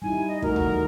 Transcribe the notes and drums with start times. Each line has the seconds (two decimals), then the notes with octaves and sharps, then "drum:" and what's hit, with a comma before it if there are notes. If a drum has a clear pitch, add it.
0.02 G3 D#4 E4 G#5
0.28 D#5
0.42 A3 D#4 F#4 A#4, drum: kick
0.56 drum: tom D2
0.67 D#3 F#3